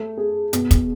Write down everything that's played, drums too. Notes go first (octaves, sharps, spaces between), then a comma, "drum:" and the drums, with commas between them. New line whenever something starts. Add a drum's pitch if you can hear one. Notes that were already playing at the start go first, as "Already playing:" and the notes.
Already playing: A3
G#4
B2, drum: hi-hat
drum: kick, hi-hat